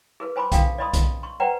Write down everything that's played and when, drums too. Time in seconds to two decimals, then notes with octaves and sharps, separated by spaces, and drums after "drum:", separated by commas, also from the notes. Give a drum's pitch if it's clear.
0.20 G#4 A#4 B4
0.36 C5 G#5 B5 C6 D6
0.52 D4 A4 F5 G5, drum: kick B1, hi-hat
0.78 D5 D#5 B5 C6 D#6
0.93 drum: kick B1, hi-hat
1.23 C6 C#6
1.40 B4 C5 D5 F#5 G5 A#5